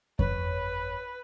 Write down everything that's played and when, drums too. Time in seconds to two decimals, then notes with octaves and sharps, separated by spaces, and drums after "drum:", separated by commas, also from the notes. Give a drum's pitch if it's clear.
0.19 G1 F2 B4 C#5, drum: kick F2